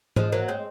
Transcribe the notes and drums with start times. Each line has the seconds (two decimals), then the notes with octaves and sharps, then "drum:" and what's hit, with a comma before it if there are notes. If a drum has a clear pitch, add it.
0.16 F3 G#3 C5, drum: tom G#2
0.32 F#3 A#3 C5
0.48 G#3 C4 C#5